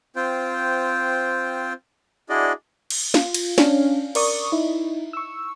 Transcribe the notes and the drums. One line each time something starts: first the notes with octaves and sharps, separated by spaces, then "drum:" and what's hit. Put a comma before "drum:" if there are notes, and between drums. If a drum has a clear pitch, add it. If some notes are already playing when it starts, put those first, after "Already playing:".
C4 F4 C5 G5
D4 E4 F#4 G#4 D5 D#5
drum: cymbal
F4, drum: snare
drum: cymbal
C#4 D4 F5, drum: snare
A#4 D5 C#6 D#6, drum: cymbal
D#4 E4
C#6 E6